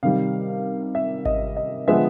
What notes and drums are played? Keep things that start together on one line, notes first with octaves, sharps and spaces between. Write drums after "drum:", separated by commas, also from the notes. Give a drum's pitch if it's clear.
C3 D#3 G3 F5
E5
D#5, drum: kick G#1
D#5
D3 F3 G#3 B3 E5